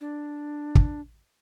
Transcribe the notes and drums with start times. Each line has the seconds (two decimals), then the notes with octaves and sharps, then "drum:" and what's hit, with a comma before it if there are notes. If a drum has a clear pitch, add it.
0.01 D4
0.75 drum: kick